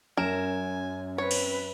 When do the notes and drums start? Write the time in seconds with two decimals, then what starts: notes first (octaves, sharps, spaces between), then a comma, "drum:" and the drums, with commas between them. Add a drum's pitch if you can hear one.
0.17 F#2 A#4 G#5 E7
1.18 C4 B4 C#5
1.31 drum: cymbal